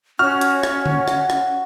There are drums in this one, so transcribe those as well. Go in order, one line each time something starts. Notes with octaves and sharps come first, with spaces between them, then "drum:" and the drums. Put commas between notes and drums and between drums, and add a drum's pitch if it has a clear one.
C#4 F#4 F6
drum: hi-hat
drum: rim click
drum: tom D3
drum: rim click
drum: rim click